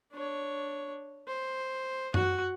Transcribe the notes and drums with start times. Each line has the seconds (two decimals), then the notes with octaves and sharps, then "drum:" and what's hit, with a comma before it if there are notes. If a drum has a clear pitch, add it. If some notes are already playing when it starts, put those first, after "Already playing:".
0.13 D4 C#5
1.27 C5
2.14 F#4 F#5, drum: tom F#2